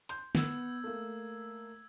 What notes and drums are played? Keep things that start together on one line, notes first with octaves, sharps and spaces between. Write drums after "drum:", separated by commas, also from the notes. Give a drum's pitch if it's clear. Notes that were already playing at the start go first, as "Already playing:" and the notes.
C6 G6, drum: hi-hat
B3 E6 G#6, drum: snare
A3 A#3